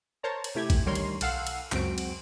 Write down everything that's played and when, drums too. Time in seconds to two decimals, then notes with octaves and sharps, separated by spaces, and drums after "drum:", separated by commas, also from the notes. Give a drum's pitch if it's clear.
0.23 A#4 C5 C#5 A5 A#5
0.44 drum: cymbal
0.55 C3 A3 E4 G4 G#6
0.70 drum: kick A1, cymbal
0.86 D2 D#3 G3 A#4 C#5 C6
0.95 drum: cymbal
1.21 B1 A4 F5 F#5 E6 C7, drum: cymbal
1.47 drum: cymbal
1.72 C#2 F#2 C4 F#4 D7, drum: clap
1.98 drum: cymbal